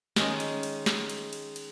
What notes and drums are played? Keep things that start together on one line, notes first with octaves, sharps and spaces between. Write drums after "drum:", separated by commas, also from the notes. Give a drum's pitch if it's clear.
D#3 G#3 C#4 G#4, drum: snare
drum: cymbal
drum: cymbal
drum: snare
drum: cymbal
drum: cymbal
drum: cymbal